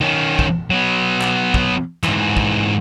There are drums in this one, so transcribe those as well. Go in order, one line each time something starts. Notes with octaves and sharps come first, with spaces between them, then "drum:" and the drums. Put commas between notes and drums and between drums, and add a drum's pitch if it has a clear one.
D#3 C#4
drum: kick
F#3 B3
drum: clap
drum: kick
G#2 E3, drum: clap
drum: kick